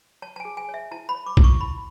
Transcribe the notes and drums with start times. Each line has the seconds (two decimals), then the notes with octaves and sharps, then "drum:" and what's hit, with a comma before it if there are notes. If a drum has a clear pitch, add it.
0.22 C#5 A5
0.36 A5
0.40 G#5
0.45 G#4
0.57 G#5
0.69 C#5
0.74 E5
0.91 E4 A5
1.09 B5
1.15 C#5
1.26 D6
1.37 E4, drum: kick
1.44 C#6
1.61 E4 B5